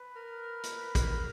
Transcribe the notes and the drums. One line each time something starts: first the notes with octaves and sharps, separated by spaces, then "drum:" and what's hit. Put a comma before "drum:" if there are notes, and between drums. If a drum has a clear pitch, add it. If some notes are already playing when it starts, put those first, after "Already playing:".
Already playing: B4
A#4
drum: hi-hat
drum: kick, hi-hat